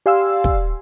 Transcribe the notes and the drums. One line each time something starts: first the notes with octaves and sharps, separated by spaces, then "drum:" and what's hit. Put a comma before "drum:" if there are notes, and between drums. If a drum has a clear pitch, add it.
G4 D5 F5 G#5 C6 E6
drum: kick